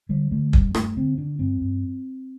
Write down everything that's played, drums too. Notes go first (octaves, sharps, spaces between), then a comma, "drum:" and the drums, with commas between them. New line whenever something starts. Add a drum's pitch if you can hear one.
D3 G3
D3 A3
G2 G3, drum: kick
G2 A3, drum: rim click
D3 C4
D3 D4
G2 C4
G2